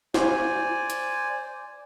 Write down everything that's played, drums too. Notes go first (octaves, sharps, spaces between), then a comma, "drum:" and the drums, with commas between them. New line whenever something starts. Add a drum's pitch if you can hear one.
C5 D5 G#5, drum: snare
drum: hi-hat